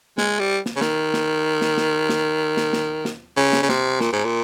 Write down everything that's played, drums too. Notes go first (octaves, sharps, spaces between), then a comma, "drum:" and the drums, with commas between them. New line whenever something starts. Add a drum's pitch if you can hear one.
G#3, drum: snare
G3
drum: snare
C#3
D#3, drum: snare
drum: snare
drum: snare
drum: snare
drum: snare
drum: snare
drum: snare
drum: snare
C#3
drum: snare
C#3
C3, drum: snare
A#2, drum: snare
G#2
A#2